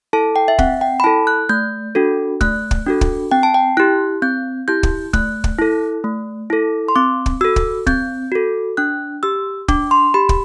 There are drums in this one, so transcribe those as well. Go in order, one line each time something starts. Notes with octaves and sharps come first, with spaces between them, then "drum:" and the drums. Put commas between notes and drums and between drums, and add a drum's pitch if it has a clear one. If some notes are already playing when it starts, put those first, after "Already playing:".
E4 A4 A5
G5
E5
C4 F#5, drum: kick
G5
B5
E4 A4 A5
F#6
A3 G6
D4 F#4 A4
A3 F#6, drum: kick
drum: kick
D4 F#4 A4
drum: kick
C4 G5
A5
G5
E4 G4 F#6
C4 G6
E4 G4 G6
drum: kick
A3 F#6, drum: kick
drum: kick
E4 A4
A3
E4 A4
C6
C4 D6
drum: kick
F#4 A4 E6
drum: kick
C4 G6, drum: kick
F#4 A4
D4 F#6
G4 E6
D4 D6, drum: kick
C6
G4 B5
drum: kick